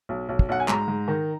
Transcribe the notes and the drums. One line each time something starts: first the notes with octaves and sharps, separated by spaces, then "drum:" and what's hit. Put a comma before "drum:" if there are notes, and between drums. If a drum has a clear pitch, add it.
B1
B1
drum: kick
B1 F#5
G#5
G#2 A#5, drum: clap
G#2
D#3